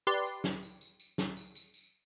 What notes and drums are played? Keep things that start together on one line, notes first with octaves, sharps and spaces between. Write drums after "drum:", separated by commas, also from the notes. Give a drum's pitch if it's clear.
G4 B4 D5 C6, drum: tambourine
drum: tambourine
drum: snare
drum: tambourine
drum: tambourine
drum: tambourine
drum: snare
drum: tambourine
drum: tambourine
drum: tambourine